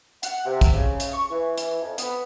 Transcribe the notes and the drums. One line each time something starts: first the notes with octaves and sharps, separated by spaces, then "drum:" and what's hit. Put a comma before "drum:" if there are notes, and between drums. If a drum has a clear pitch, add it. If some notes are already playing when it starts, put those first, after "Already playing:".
F#5, drum: hi-hat
C3
drum: kick, hi-hat
C#3
drum: hi-hat
C#6
E3
drum: hi-hat
F2
B3, drum: hi-hat